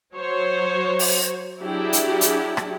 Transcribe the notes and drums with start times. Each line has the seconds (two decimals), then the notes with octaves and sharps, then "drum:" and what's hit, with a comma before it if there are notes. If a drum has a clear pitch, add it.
0.15 F#3 C5 C#5
0.99 drum: open hi-hat
1.61 F#3 D4 E4 G4 G#4
1.93 drum: hi-hat
2.21 drum: hi-hat
2.57 drum: rim click